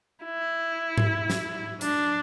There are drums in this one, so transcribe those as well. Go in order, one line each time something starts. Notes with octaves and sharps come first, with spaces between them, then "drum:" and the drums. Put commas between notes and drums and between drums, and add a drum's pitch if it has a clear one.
E4
drum: tom G#2
drum: snare
D4, drum: hi-hat